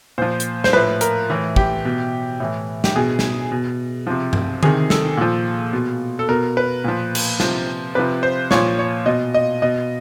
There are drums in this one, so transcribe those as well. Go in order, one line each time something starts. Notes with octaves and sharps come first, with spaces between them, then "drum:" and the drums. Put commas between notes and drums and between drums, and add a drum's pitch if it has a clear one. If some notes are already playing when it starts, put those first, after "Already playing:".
A#2 F3 C5
drum: hi-hat
C5, drum: snare
A2 F3 B4
A#4, drum: hi-hat
A2 E3
G4, drum: kick
B2
A2 E3
G4, drum: snare
B2 G#4
drum: snare
B2
C3 F3
drum: tom G2
C3 D#3 G#4, drum: tom D3
A4, drum: snare
A#2 F3
B2
A4
B2 A#4
B4
A#2 F3
drum: cymbal
C3 F3, drum: snare
C3 F3 B4
C5
A#2 F3 C#5, drum: snare
C#5
B2 D#5
D#5
B2 D#5